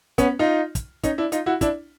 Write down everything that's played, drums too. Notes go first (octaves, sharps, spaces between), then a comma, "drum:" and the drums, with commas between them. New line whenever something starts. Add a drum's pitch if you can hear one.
B3 C#4, drum: kick, hi-hat
D#4 F4
drum: kick, hi-hat
C#4 D#4, drum: kick, hi-hat
D4 E4
D#4 F4, drum: hi-hat
E4 F#4
D4 E4, drum: kick, hi-hat